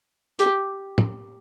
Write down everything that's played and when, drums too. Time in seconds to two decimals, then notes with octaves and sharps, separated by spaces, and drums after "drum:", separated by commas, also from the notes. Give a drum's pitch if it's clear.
0.39 G4, drum: hi-hat
0.98 drum: tom